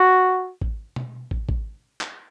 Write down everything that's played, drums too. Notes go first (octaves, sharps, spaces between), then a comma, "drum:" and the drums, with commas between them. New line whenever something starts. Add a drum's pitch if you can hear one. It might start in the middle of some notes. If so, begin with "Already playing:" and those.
Already playing: F#4
drum: kick
drum: tom B2
drum: kick
drum: kick
drum: clap